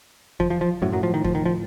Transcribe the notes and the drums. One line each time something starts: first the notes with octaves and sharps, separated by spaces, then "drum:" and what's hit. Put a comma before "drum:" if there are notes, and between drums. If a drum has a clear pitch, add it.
F3, drum: kick E2
F3
F3
F#2 A2 F#3
F#2 F#3
F3
D#3
F3, drum: kick E2
D#3
F3